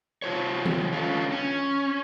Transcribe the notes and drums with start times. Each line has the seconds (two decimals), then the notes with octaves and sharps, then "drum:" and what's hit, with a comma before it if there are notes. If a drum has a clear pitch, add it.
0.22 C3 F4 C5 C#5
0.65 drum: tom D#3
0.93 D3 C#4 F4
1.32 C#4